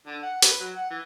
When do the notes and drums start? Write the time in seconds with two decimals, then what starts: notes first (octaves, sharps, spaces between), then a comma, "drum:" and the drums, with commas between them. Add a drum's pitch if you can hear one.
0.06 D3
0.23 F#5
0.42 B4, drum: hi-hat
0.60 F#3
0.76 F#5
0.90 E3